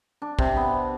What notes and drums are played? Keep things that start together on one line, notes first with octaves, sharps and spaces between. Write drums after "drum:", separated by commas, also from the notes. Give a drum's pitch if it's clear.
D4
C3, drum: kick
B3